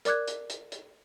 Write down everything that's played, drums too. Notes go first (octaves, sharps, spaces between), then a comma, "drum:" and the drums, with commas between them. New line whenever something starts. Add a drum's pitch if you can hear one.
A#4 D5 D6 F#6 G#6, drum: hi-hat
drum: hi-hat
drum: hi-hat
drum: hi-hat